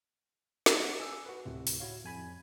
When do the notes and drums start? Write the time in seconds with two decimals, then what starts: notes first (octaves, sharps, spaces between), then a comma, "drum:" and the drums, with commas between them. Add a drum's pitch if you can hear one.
0.66 drum: snare
1.00 G#4 E6
1.26 F#4 B4
1.45 D2 A2 C3
1.67 drum: open hi-hat
1.80 E4 F#4 C#5 F5
2.04 F2 G#5 B5 G#6